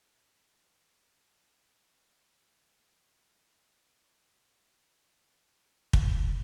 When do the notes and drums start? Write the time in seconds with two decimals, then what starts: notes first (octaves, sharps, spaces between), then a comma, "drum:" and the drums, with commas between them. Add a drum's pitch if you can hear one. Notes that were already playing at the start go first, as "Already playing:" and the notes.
0.05 F3 C4 F4 A#4 A5
0.18 G5
0.32 F5
0.44 E5
1.10 F2 C3 E3
1.62 D5
1.80 C5
1.97 A4
2.14 A#2 F3 A3 D4 A#4
3.20 E2 C3 F3 A#3 D4 D5
3.33 A5
3.45 A5
3.58 G5
3.72 G5
3.85 F5
3.98 E5
4.11 C5
4.24 E2 C3 G3 A#4
4.37 A4
4.50 D5
4.63 D5
4.76 G4
4.89 F4
5.03 F4
5.16 A4
5.29 F3 A3 E4 G4
5.41 F4
5.54 G4
5.93 drum: kick